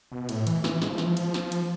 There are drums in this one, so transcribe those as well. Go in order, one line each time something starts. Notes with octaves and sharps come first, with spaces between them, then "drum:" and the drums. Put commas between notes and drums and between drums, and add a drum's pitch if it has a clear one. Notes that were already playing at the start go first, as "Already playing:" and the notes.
B2
A2, drum: cymbal
E3, drum: cymbal
E3, drum: snare
G#3, drum: snare
F3
E3, drum: snare
F3
drum: cymbal
drum: snare
drum: cymbal